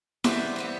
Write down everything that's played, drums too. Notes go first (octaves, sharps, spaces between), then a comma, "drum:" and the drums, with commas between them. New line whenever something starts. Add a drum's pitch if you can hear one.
E3 G3 B3 C5 E5, drum: snare E4
E3 G3 B3